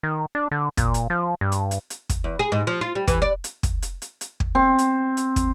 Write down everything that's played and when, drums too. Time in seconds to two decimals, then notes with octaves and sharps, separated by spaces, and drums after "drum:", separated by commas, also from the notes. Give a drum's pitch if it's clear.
0.03 D#3
0.35 D4
0.51 D3
0.77 A#2, drum: kick, hi-hat
0.94 drum: hi-hat
1.10 F3
1.41 G2
1.52 drum: hi-hat
1.71 drum: hi-hat
1.90 drum: hi-hat
2.09 drum: kick, hi-hat
2.24 E2
2.39 G#4
2.52 G#2
2.67 F3
2.81 F4
2.95 G3
3.08 E3, drum: kick, hi-hat
3.22 D5
3.44 drum: hi-hat
3.63 drum: kick, hi-hat
3.82 drum: hi-hat
4.02 drum: hi-hat
4.21 drum: hi-hat
4.40 drum: kick
4.55 C4
4.79 drum: hi-hat
5.17 drum: hi-hat
5.36 drum: kick, hi-hat